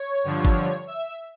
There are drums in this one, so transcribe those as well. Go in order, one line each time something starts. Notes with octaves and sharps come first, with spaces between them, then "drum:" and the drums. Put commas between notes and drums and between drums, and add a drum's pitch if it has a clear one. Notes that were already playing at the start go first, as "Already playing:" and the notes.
Already playing: C#5
G2 D3 F3
drum: kick
E5